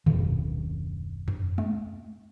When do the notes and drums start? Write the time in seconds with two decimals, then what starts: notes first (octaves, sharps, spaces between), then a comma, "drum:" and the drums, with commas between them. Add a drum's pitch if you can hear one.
0.06 F#1 D#2 B2 D#3, drum: tom F2
1.28 drum: tom F2
1.58 drum: tom G#3